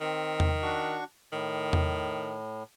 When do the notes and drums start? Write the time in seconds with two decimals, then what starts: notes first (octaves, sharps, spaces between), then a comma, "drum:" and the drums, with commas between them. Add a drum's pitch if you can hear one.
0.01 D#3 C4
0.40 drum: tom E2
0.62 D4 F#4 C#6
1.32 A2 D#3
1.73 drum: tom E2